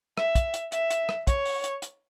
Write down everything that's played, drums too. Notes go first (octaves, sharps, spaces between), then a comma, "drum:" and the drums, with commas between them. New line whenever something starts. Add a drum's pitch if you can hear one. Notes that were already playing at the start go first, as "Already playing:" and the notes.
E5, drum: rim click
drum: kick, hi-hat
drum: hi-hat
E5, drum: hi-hat
drum: hi-hat
drum: rim click
C#5, drum: kick, hi-hat
drum: open hi-hat
drum: hi-hat
drum: hi-hat